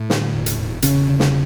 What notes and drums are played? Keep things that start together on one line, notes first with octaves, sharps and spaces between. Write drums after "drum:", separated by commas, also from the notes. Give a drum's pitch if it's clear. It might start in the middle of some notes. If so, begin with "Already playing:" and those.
Already playing: A2 A3
D3, drum: snare
E1
drum: hi-hat
E1
E1 C#3 C#4, drum: hi-hat
D3
drum: snare